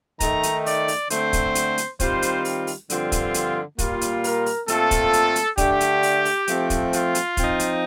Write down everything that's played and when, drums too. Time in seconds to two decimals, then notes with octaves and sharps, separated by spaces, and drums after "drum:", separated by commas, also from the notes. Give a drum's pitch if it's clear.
0.20 D#3 A3 D#4 A#5, drum: kick, hi-hat
0.43 drum: hi-hat
0.66 D5, drum: open hi-hat
0.88 drum: open hi-hat
1.10 D3 A3 C4 C5, drum: hi-hat
1.33 drum: kick, hi-hat
1.55 drum: hi-hat
1.78 drum: hi-hat
2.00 D#3 G3 C4 F4 C5, drum: kick, hi-hat
2.22 drum: hi-hat
2.45 drum: open hi-hat
2.67 drum: open hi-hat
2.90 G2 D3 F3 C4 F4, drum: hi-hat
3.12 drum: kick, hi-hat
3.34 drum: hi-hat
3.79 A#2 G3 A#3 F4, drum: kick, hi-hat
4.01 drum: hi-hat
4.24 A#4, drum: open hi-hat
4.46 drum: open hi-hat
4.68 A#2 A3 C4 F4 A4, drum: hi-hat
4.91 drum: kick, hi-hat
5.13 drum: hi-hat
5.36 drum: hi-hat
5.58 D3 A3 D4 G4, drum: kick, hi-hat
5.80 drum: hi-hat
6.03 drum: open hi-hat
6.25 drum: open hi-hat
6.48 F3 A3 C4, drum: hi-hat
6.70 drum: kick, hi-hat
6.93 F4, drum: hi-hat
7.15 drum: hi-hat
7.37 F3 C4 D#4, drum: kick, hi-hat
7.60 drum: hi-hat